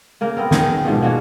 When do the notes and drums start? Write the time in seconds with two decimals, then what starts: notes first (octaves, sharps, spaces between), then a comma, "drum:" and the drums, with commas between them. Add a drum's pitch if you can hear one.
0.21 C#3 A#3 A#4
0.37 B3 C4 A#4
0.51 D#3 D#4 G#4, drum: snare
0.85 G#2 B2 F3
1.02 A#3 D4 F#4 G#4